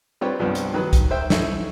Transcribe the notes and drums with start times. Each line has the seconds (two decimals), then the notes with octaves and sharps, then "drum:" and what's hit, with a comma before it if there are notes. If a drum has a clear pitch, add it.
0.21 G3 C4 F4 G4 B4 C#5
0.39 C2 G2 F3 B3 C4
0.55 drum: hi-hat
0.74 D#3 F#3 B4
0.93 drum: kick, hi-hat
1.11 C5 E5 G5
1.30 C#4 D#4 E4 A4, drum: snare